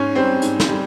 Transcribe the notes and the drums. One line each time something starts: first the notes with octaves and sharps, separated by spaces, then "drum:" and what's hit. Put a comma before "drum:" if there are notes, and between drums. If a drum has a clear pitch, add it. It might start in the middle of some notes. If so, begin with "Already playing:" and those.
Already playing: G#2 C#4 C#5
G3 C4 C5
G#2, drum: hi-hat
drum: snare
G3